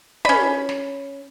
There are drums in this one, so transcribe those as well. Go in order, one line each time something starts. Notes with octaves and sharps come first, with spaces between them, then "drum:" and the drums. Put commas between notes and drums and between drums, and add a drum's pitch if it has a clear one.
C#4 B5, drum: tom
drum: snare